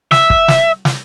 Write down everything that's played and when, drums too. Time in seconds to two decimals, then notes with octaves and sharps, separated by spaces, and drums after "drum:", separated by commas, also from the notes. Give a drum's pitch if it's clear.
0.12 E5, drum: snare
0.30 drum: kick
0.48 drum: snare
0.85 drum: snare